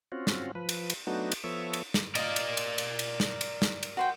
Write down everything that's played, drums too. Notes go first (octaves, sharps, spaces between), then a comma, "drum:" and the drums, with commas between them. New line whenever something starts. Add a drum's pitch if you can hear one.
C4 C#4 F4 F#4
drum: snare
F3 B4
drum: cymbal
drum: cymbal
F#3 A3 B3 D4 D#4 F#4
drum: cymbal
F3 B3 A4 C#5 E5
drum: cymbal
drum: snare
A#4 D5 D#5 F5, drum: cymbal
drum: cymbal
drum: cymbal
drum: cymbal
drum: cymbal
drum: snare
drum: cymbal
drum: snare
drum: cymbal
F#4 C5 G5